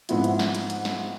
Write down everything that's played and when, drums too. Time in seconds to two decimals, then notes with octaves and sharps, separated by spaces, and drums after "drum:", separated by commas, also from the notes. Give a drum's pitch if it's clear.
0.09 G#2 F3 G#3 B3 C4 E4, drum: hi-hat
0.24 drum: hi-hat
0.39 drum: snare
0.55 drum: hi-hat
0.70 drum: hi-hat
0.85 drum: snare